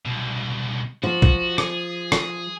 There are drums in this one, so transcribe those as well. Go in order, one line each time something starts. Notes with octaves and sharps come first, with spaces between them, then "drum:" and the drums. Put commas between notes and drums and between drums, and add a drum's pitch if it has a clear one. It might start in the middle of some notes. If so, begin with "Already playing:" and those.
C2 B2
F3 F#4
drum: kick B1
G#4, drum: rim click
drum: rim click